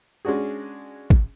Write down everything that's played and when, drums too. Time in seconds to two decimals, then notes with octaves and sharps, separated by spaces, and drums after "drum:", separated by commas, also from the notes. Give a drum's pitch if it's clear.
0.25 G#3 C#4 D4 F#4 G#4
1.10 drum: kick